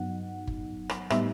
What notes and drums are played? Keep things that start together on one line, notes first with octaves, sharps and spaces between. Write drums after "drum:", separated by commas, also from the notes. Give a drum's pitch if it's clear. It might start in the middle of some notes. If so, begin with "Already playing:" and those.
Already playing: G2 F#3 B3 D#4 F#5
drum: kick G1
drum: rim click
A2 G3 B3 D#4 E5, drum: rim click